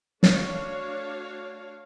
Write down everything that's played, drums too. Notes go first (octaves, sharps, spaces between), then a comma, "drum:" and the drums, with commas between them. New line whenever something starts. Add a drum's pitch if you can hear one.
A3 D4 F#4 C#5 F5, drum: snare